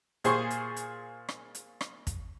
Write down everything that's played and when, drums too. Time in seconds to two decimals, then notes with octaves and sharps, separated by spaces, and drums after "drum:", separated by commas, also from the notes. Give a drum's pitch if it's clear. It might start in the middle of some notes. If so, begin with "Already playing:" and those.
0.24 A#2 G#4 C5 C6 C#6, drum: hi-hat
0.50 drum: hi-hat
0.76 drum: hi-hat
1.29 drum: rim click
1.55 drum: hi-hat
1.81 drum: rim click
2.07 drum: kick, hi-hat